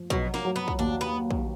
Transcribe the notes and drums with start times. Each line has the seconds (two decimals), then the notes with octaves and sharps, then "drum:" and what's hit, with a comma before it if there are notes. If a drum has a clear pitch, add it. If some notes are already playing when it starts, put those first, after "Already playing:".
Already playing: F3
0.10 B2 F#3, drum: kick
0.34 A#3, drum: snare
0.45 F#3
0.56 B3
0.68 drum: kick
0.79 D#2 D4
1.01 B3
1.31 drum: kick